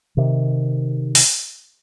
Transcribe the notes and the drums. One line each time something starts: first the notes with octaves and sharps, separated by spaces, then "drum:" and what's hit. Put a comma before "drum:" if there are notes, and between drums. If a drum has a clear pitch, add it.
C3 D#3
drum: open hi-hat